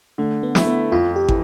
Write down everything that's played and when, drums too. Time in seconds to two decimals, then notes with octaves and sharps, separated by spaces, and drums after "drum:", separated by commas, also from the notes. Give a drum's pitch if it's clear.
0.18 D3 A3
0.43 B3
0.55 A3 E4, drum: snare
0.67 B3
0.92 F2 F4
1.16 G4
1.28 E3, drum: kick